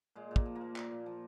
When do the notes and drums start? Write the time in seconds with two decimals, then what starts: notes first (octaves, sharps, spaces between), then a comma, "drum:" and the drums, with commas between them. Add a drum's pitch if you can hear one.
0.15 A#2 G#3
0.31 A#2
0.36 A#3, drum: kick
0.46 F3
0.55 A#3
0.61 F3
0.76 A#2, drum: clap
0.91 A#2
1.06 F3